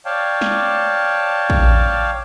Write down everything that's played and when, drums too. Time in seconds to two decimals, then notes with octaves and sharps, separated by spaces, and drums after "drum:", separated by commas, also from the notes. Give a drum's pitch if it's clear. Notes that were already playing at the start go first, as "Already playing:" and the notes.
0.05 C#5 D5 F5 G5 A5
0.41 drum: snare
1.50 drum: kick